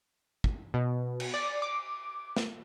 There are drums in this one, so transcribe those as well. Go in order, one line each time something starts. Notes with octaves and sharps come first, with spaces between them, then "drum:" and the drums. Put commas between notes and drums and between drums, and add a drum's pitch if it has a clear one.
drum: kick
B2
drum: cymbal
D5
D6
drum: snare